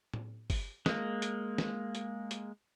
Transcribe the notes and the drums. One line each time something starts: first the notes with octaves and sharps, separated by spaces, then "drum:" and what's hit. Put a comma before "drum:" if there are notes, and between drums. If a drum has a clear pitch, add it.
drum: tom A2
drum: kick, open hi-hat
G#3 A#3, drum: snare
drum: hi-hat
drum: snare
drum: hi-hat
drum: hi-hat